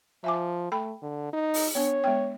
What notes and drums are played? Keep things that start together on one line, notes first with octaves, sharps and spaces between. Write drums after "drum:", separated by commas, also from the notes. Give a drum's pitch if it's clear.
F3 E5 G#5 D6
A3 A4 G5 B5
D3
D#4
drum: open hi-hat
B3 D4 C#5
G#3 B3 G5